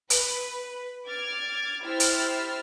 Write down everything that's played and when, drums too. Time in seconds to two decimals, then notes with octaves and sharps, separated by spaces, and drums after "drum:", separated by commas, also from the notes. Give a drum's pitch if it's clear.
0.10 B4, drum: hi-hat
1.06 D6 F6 G#6 A6
1.83 E4 G4 C5 E6 F6 A6
2.00 drum: hi-hat